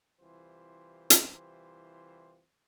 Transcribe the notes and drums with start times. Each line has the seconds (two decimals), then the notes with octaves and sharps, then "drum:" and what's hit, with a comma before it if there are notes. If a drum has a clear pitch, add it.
0.21 C2 E3 F4 G4 C5
1.10 drum: hi-hat